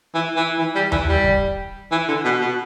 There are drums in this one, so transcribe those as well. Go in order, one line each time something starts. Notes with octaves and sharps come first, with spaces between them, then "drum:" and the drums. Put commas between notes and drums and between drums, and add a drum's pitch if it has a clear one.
E3
E3
E3
G3
E3, drum: tom D#2
G3
drum: kick
E3
D3
B2
B2